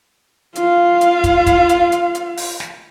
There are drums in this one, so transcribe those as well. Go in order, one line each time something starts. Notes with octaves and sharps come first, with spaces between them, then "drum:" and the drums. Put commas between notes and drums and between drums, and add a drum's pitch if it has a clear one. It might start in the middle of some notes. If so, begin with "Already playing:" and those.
F4 F5, drum: hi-hat
drum: hi-hat
drum: kick, hi-hat
drum: kick, hi-hat
drum: hi-hat
drum: hi-hat
drum: hi-hat
drum: open hi-hat
drum: snare